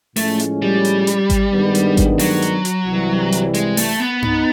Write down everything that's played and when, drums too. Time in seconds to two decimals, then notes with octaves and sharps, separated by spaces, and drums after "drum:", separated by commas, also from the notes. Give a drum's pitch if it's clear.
0.16 A2 F3 G#3 A3 C#4, drum: open hi-hat
0.39 drum: hi-hat
0.62 G3
0.85 drum: hi-hat
1.07 drum: hi-hat
1.30 drum: kick G#1, hi-hat
1.52 G2 D#3 G#3 B3 D4
1.75 drum: hi-hat
1.97 drum: kick G#1, hi-hat
2.19 F#3, drum: open hi-hat
2.42 drum: hi-hat
2.65 drum: hi-hat
2.87 C2 C3 E3 G3
3.32 drum: hi-hat
3.54 G#3, drum: hi-hat
3.77 A3, drum: open hi-hat
4.00 B3
4.22 D#4, drum: tom G2